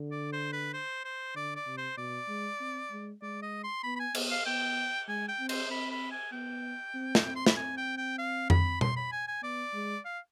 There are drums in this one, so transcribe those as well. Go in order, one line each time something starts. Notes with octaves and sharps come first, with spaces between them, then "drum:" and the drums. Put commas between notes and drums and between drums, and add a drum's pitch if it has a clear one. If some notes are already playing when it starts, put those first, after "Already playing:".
Already playing: D3
D5
C5
B4
C5
C5
D3 D5
D5
C3
C5
B2 D5
G#3
C4
G#3
G#3 D5
D#5
C6
B3 B5
B5
G#5
B3, drum: cymbal
F5
B3 G5
G#3 G#5
G5
C4
C5, drum: cymbal
C4 B5
B5
G#5
B3 G5
C4
drum: snare
C4
C6
B5, drum: snare
C4 G#5
G5
G5
F5
B5, drum: tom F2
C6, drum: tom B2
B5
G#5
G#5
B3 D5
G#3
F5